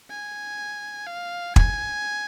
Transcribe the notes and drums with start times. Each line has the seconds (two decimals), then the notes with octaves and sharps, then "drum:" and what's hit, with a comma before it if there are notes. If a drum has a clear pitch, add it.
0.10 G#5
1.07 F5
1.56 G#5, drum: kick